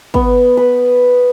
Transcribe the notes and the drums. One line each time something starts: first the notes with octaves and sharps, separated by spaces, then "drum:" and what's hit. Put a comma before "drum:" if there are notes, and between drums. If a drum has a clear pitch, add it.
B3, drum: kick
B4